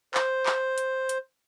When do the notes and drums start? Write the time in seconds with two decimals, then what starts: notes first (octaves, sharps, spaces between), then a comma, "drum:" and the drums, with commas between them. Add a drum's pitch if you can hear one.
0.14 C5, drum: clap
0.46 drum: clap
0.78 drum: hi-hat
1.09 drum: hi-hat